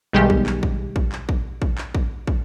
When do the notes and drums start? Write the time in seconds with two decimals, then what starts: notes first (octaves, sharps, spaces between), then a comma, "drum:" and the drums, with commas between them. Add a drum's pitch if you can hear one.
0.13 B1 D#3 G3 G#3 G4
0.30 drum: kick
0.46 drum: clap
0.63 drum: kick
0.96 drum: kick
1.12 drum: clap
1.29 drum: kick
1.62 drum: kick
1.78 drum: clap
1.95 drum: kick
2.27 drum: kick